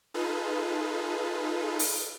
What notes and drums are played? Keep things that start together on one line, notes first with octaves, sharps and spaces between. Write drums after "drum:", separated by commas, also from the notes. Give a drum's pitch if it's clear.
D#4 F4 G#4 A4 B4
drum: open hi-hat